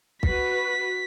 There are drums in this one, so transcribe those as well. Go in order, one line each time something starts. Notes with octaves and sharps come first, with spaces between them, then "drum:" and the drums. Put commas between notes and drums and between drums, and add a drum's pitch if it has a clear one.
F#4 B4 B6, drum: kick